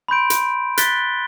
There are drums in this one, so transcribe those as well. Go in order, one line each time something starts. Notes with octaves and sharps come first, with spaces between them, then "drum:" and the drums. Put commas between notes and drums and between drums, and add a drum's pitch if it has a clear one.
B5 C6 G6 D7
drum: hi-hat
F#6 G6 A6 B6 G7, drum: hi-hat